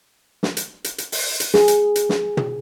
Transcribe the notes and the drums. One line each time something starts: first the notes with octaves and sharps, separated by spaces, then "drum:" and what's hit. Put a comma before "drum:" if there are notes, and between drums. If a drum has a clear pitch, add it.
drum: snare
drum: hi-hat
drum: hi-hat
drum: hi-hat
drum: open hi-hat
drum: hi-hat
G#4, drum: snare
drum: hi-hat
drum: hi-hat
drum: snare
drum: tom